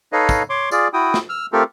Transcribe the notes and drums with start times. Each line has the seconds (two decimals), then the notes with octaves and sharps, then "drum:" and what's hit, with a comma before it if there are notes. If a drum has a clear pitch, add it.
0.13 D#4 A4 B4 C#5 D#5 F5
0.29 drum: kick, tambourine
0.50 C#5 C6 D6
0.71 F4 G#4 D5, drum: tambourine
0.93 E4 F#4 G5 D#6
1.14 drum: snare
1.29 E6 F6
1.53 A3 C4 F4 G4 A4 A#4